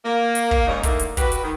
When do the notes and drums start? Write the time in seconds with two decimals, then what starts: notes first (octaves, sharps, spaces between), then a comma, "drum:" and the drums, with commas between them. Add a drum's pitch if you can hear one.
0.05 A#3
0.35 drum: hi-hat
0.51 drum: kick
0.66 D#2 G#2 G3 G#3 C#4 D#4
0.83 D3 D#3 A3 A#3, drum: kick, hi-hat
0.99 drum: hi-hat
1.17 E4 F#4 G4 B4, drum: kick, hi-hat
1.32 drum: hi-hat
1.42 D#3